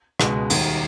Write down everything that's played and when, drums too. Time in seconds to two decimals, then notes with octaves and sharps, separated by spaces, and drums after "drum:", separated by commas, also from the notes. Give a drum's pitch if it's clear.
0.20 C#2 B2 G#3, drum: rim click
0.50 D#2 D#3 G3, drum: cymbal